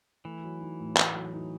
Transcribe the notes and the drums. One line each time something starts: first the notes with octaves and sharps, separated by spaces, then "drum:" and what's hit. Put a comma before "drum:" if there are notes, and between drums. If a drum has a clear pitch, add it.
E3 A3
F#3
D#4
A2
A3, drum: clap
F#3
D#4